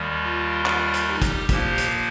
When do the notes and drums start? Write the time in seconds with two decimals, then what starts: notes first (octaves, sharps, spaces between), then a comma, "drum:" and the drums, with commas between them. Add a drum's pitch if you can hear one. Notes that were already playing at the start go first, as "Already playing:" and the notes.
Already playing: D#2 D#3 G3
0.23 F4
0.66 F4, drum: clap
0.94 drum: hi-hat
1.07 D#4 G4
1.22 drum: kick, hi-hat
1.49 A#2 F3 A#3 G4 C5, drum: kick, hi-hat
1.78 drum: hi-hat